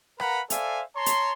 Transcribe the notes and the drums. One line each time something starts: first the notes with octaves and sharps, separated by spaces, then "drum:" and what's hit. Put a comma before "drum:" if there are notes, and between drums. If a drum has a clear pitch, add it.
A#4 B4 F5 F#5 A#5 B5, drum: rim click
A4 C5 D5 E5 F5 G#5, drum: hi-hat
C#5 A5 A#5 C6
drum: hi-hat